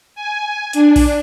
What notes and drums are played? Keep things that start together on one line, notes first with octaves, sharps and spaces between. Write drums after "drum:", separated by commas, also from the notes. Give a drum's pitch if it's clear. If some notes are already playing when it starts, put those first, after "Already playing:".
G#5
D4, drum: hi-hat
drum: kick A#1, open hi-hat